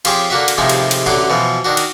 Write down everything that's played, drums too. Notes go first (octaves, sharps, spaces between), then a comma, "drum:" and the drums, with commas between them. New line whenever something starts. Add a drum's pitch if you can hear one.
F3 C4 G4 G#4 C#5 D6, drum: cymbal
D3 A#3 F#4 E5
drum: cymbal
D#2 A2 C3 F3 G#3 A3
drum: cymbal
drum: cymbal
A1 D3 F#3 C6 D6
B2 E3 F3
D#3 D4 F#4
drum: cymbal